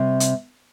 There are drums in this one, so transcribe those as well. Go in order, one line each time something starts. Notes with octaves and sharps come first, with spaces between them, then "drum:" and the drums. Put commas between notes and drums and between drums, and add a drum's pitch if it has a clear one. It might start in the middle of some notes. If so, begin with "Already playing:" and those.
Already playing: C3 G3
drum: hi-hat